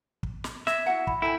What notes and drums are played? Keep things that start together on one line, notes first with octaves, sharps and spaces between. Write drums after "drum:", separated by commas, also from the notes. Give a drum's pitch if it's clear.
drum: kick
drum: snare
E5 G#6 A#6 B6, drum: snare
E4 F#4 F#5
B5, drum: kick
E4 A4 G5 G#5